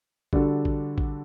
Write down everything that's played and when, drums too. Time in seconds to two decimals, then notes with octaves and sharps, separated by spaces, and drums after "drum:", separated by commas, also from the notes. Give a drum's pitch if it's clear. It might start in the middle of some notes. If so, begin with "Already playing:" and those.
0.33 D3 G3 D4 F#4 A4, drum: kick A1
0.65 drum: kick A1
0.98 drum: kick A1